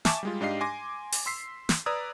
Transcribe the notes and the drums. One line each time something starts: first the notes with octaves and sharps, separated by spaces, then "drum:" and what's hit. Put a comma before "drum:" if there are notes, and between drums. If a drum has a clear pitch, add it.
E5 G#5 A5 C#6 D6, drum: snare
G3 G#3 F4
G#2 D4 G4 D#5 F5 C7
G#5 C6 D6 A#6
drum: open hi-hat
C6 E6 B6 C7
drum: snare
B4 D5 A#5 D#6 E6 G#6